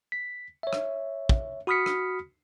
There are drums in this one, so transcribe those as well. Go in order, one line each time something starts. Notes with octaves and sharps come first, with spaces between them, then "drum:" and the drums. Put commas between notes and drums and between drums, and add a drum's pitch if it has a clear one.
B6
C#5 E5
drum: rim click
drum: kick
F#4 B5 D#6 F6 B6 C#7
drum: rim click